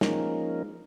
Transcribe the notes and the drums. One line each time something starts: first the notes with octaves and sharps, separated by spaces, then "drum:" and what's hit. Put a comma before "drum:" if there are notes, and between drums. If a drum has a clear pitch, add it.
F3 G#3 A#3 C#4 D#4 A#4, drum: snare